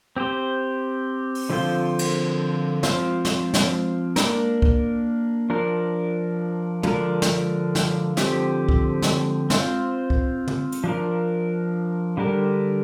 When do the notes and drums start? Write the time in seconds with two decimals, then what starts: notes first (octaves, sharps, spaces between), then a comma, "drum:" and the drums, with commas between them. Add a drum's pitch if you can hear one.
0.16 C4 G4 C5
1.35 drum: open hi-hat
1.50 D3 F3 C4 F4 C5
1.99 drum: cymbal
2.83 F3 C4 F4 C5, drum: snare
3.25 drum: snare
3.54 drum: snare
4.16 A#3 D4 A#4, drum: snare
4.62 drum: kick C#2
5.50 F3 D4 A#4
6.83 D3 F3 D4 A#4, drum: tom
7.22 drum: snare
7.75 drum: snare
8.17 D3 F3 C4 G4, drum: snare
8.69 drum: kick C#2
9.02 drum: snare
9.50 C4 F4 C5, drum: snare
10.10 drum: kick C#2
10.48 drum: tom
10.72 drum: hi-hat
10.84 F3 D4 A#4
12.17 D3 G3 D4 A#4